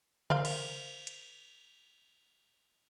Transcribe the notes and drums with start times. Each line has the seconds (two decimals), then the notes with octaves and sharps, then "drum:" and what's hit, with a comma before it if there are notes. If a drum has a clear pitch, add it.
0.30 A#4 C5 F5, drum: tom C#3
0.45 drum: cymbal
1.07 drum: hi-hat